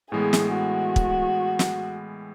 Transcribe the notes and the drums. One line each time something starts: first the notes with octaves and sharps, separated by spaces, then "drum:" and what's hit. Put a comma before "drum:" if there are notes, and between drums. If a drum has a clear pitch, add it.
A2 E3 G#3 B3 G#4
drum: snare
F#4
drum: kick
drum: snare